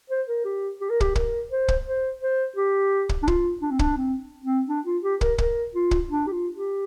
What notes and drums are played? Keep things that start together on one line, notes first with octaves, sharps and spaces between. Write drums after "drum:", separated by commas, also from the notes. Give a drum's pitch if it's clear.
C5
A#4
G4
G4
A#4
G4, drum: kick
A#4, drum: kick
C5
drum: kick
C5
C5
G4
drum: kick
D4
F4, drum: kick
D4
C4
D4, drum: kick
C4
C4
D4
F4
G4
A#4, drum: kick
A#4, drum: kick
F4
drum: kick
D4
G4
F4
G4